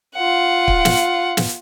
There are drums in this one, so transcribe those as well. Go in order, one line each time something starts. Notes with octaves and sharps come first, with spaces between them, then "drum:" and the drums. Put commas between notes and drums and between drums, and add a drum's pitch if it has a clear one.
F4 F#5
drum: kick C#1
drum: snare
drum: snare